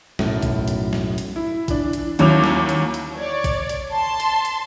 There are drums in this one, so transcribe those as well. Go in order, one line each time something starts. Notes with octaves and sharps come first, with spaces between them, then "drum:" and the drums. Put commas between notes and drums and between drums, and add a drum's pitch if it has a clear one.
B1 F#2 A2, drum: snare G3
drum: kick A#1, hi-hat
drum: hi-hat
drum: snare G3
drum: hi-hat
E4
E3 D4, drum: kick A#1, hi-hat
drum: hi-hat
D#2 F#3 C#4 E4 D6 F7, drum: hi-hat
drum: snare G3
drum: hi-hat
drum: hi-hat
C#5 D5
drum: kick A#1, hi-hat
drum: hi-hat
A5 C6
drum: hi-hat
drum: hi-hat